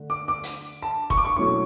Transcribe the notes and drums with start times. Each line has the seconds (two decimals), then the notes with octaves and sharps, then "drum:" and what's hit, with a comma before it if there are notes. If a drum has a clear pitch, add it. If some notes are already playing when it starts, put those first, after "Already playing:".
Already playing: D3 A3
0.10 D6
0.28 D6
0.43 drum: hi-hat
0.82 A5
1.10 C#6, drum: kick
1.17 D6
1.25 C#6
1.37 B2 F#3 A3 C#4 E4 C#6